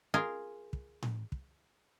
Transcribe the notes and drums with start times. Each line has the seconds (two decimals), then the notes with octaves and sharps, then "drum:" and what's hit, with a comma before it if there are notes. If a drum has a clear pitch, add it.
0.14 F4 G#4 A#4
0.73 drum: kick
1.02 drum: tom A2
1.32 drum: kick